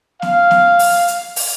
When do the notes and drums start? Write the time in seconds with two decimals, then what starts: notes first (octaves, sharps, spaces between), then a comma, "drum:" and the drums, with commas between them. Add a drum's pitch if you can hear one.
0.22 F5, drum: snare B3
0.51 drum: snare B3
0.79 drum: open hi-hat
1.08 drum: hi-hat
1.36 drum: open hi-hat